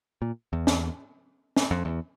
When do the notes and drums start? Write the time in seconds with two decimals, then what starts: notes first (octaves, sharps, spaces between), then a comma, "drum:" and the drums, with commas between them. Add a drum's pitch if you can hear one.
0.22 A#2
0.53 E2
0.67 drum: snare
1.56 drum: snare
1.71 F2
1.85 E2